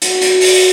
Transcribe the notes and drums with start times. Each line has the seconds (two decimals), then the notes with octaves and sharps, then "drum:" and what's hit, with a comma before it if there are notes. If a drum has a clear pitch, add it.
0.02 F#4, drum: hi-hat
0.22 drum: hi-hat
0.41 drum: open hi-hat